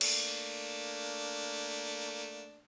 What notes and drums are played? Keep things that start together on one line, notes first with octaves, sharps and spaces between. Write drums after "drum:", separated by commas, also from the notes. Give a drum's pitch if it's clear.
A3 A#3 D4, drum: cymbal